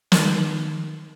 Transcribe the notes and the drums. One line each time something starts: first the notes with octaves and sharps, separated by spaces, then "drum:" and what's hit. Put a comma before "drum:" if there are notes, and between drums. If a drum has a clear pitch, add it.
D#3, drum: snare